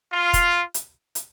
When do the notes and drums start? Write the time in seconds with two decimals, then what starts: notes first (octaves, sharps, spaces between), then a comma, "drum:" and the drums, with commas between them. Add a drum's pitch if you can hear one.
0.12 F4
0.34 drum: kick, hi-hat
0.74 drum: hi-hat
1.15 drum: hi-hat